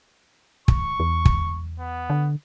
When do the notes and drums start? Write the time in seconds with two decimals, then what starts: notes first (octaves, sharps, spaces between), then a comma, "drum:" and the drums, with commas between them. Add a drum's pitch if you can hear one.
0.68 C#6, drum: kick
1.00 E2
1.25 drum: kick
1.79 B3
2.10 D3